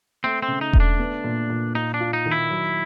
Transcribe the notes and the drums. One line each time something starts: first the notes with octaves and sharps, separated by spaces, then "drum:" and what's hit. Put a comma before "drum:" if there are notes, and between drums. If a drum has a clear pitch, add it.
A3 C4
C4
C#3
D#4
A3, drum: kick E1
D4
B3
A#2
A#2
D#4 F4
D4
F4
D#4
D#3
E4
F#3